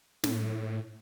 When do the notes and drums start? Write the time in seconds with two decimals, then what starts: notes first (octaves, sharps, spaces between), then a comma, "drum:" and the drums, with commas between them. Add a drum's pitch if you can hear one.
0.24 A2, drum: snare